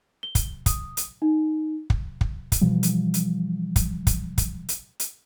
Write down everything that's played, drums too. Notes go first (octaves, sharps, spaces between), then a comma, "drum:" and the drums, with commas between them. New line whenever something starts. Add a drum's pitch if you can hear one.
G7
drum: kick, hi-hat
D#6, drum: kick, hi-hat
drum: hi-hat
D#4
drum: kick
drum: kick
drum: kick, hi-hat
B2 E3 F3 G3
drum: hi-hat
drum: hi-hat
drum: kick, hi-hat
drum: kick, hi-hat
drum: kick, hi-hat
drum: hi-hat
drum: hi-hat